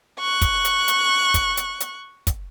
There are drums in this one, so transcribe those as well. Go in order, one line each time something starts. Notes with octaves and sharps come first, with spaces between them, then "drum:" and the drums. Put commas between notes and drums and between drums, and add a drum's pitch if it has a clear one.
C#6 F#6
drum: kick, hi-hat
drum: hi-hat
drum: hi-hat
drum: kick, hi-hat
drum: hi-hat
drum: hi-hat
drum: kick, hi-hat